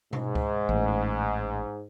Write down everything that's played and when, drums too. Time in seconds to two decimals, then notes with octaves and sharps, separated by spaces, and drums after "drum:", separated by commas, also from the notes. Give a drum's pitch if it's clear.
0.13 G#2, drum: tom B2
0.35 drum: kick C#2
0.69 A1